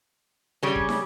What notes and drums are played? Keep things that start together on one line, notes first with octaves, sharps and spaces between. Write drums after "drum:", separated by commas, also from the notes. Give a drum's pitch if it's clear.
C#3 G3 C#4
drum: kick
drum: snare